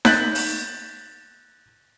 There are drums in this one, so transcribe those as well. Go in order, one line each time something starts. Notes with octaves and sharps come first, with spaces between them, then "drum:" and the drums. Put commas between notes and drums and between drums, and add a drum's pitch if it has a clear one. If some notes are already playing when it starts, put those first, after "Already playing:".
F#6 G6 A6 B6 F#7, drum: snare D#4
drum: open hi-hat